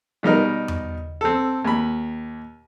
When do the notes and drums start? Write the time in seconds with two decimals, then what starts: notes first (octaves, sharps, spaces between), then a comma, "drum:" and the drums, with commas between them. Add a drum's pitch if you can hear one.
0.23 B2 G3 D#4 A#4
0.68 drum: tom E2
1.21 C4 A4
1.65 D#2 B5